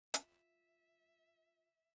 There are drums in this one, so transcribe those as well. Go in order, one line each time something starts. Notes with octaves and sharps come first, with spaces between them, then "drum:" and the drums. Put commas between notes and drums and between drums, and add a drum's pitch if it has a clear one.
F4 E5, drum: hi-hat